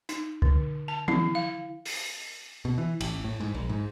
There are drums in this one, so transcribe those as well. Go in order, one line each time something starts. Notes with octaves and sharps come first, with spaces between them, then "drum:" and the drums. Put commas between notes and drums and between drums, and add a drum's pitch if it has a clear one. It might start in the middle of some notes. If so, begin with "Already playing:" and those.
D#4, drum: hi-hat
D3, drum: kick C#2
A5
E4, drum: tom E3
F5
drum: open hi-hat
B2
E3
A1, drum: cymbal
A2
G#2
A#1
G#2